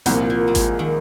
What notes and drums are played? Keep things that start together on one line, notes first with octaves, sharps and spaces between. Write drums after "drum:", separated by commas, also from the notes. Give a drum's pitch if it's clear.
C2 A#2 F3 A#3, drum: hi-hat
A#3
G3
G#3, drum: kick G#1, hi-hat
D#3